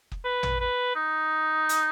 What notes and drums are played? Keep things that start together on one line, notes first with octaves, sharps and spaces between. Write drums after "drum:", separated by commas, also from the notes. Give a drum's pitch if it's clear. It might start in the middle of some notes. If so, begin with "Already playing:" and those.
drum: kick
B4
drum: tom
B4
D#4
drum: hi-hat